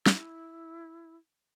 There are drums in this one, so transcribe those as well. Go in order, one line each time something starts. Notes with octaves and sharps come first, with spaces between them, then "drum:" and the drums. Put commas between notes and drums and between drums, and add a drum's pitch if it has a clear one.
E4, drum: snare